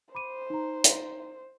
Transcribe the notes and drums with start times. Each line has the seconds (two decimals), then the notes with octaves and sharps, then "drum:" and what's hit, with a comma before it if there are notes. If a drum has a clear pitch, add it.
0.15 C5 B5 D6 D#7
0.50 D#4 A#5
0.84 drum: hi-hat